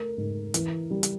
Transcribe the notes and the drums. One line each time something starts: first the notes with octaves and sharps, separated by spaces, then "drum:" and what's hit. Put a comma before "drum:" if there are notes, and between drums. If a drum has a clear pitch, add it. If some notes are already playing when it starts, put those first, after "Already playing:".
Already playing: A3 A#4
G#2
E3, drum: hi-hat
G3
drum: hi-hat